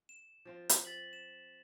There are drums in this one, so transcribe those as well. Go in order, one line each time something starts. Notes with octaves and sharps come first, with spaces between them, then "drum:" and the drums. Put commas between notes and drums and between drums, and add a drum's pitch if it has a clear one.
E7
F3 C4 F4
drum: hi-hat
A6 B6 F#7
E7